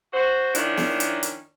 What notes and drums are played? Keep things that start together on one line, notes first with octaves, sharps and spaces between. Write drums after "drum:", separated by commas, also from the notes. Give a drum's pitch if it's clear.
F#4 C5
D#3 F3 C#4 D4 E4, drum: hi-hat
drum: snare
drum: hi-hat
drum: hi-hat